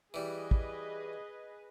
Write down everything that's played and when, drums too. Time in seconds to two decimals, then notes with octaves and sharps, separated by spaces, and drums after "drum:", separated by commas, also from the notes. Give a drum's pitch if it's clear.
0.14 E3 G3 G#4 B4 D#5
0.51 drum: kick